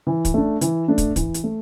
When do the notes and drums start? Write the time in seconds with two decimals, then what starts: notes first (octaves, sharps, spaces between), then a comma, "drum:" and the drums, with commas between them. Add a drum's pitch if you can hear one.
0.07 E3
0.25 drum: kick, hi-hat
0.34 A3 D4
0.61 E3, drum: hi-hat
0.88 A3 D4
0.98 drum: kick, hi-hat
1.16 E3, drum: kick, hi-hat
1.34 drum: hi-hat
1.44 A3